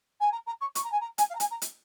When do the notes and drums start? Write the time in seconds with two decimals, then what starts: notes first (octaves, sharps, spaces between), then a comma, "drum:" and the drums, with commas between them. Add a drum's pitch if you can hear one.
0.20 G#5
0.32 A#5
0.46 A#5
0.61 C#6
0.75 C#6, drum: hi-hat
0.84 A#5
0.92 G#5
1.00 A#5
1.18 G#5, drum: hi-hat
1.30 F5
1.35 A#5
1.40 G#5, drum: hi-hat
1.51 A#5
1.62 drum: hi-hat